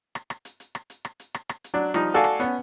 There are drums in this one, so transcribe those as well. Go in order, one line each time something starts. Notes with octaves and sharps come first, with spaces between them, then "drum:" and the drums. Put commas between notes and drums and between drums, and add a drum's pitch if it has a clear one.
drum: rim click
drum: rim click
drum: hi-hat
drum: hi-hat
drum: rim click
drum: hi-hat
drum: rim click
drum: hi-hat
drum: rim click
drum: rim click
drum: hi-hat
F#3 D4
F3 G3 D#4, drum: rim click
F#4 A4 D5 F5 G#5 A5
drum: rim click
B3 C#4, drum: hi-hat